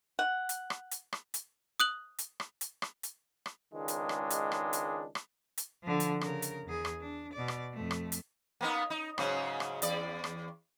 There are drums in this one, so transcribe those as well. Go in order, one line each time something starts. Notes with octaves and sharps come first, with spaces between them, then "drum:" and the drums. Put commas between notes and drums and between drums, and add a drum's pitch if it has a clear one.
F#5
drum: hi-hat
drum: rim click
drum: hi-hat
drum: rim click
drum: hi-hat
D#6 F#6 F#7
drum: hi-hat
drum: rim click
drum: hi-hat
drum: rim click
drum: hi-hat
drum: rim click
C#2 D#3 G#3 D4
drum: hi-hat
drum: rim click
drum: hi-hat
drum: rim click
drum: hi-hat
drum: rim click
drum: hi-hat
D3 F3
drum: hi-hat
C#3 A#4, drum: rim click
drum: hi-hat
E2 G#4
drum: rim click
D4
B2 D5
drum: rim click
F2 A3
drum: rim click
drum: hi-hat
A#3 B3 D#4
D#4
G#2 C#3 F#3, drum: rim click
drum: rim click
E2 D5, drum: hi-hat
drum: rim click